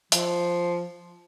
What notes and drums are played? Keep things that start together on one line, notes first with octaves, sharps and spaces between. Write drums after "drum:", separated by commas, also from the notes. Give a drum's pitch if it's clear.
F3, drum: hi-hat